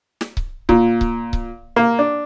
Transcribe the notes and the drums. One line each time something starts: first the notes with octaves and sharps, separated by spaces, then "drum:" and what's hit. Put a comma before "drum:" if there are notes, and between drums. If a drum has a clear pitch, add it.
drum: snare
drum: kick C#1
A#2, drum: kick C#1
drum: kick C#1
drum: kick C#1
A#3
D4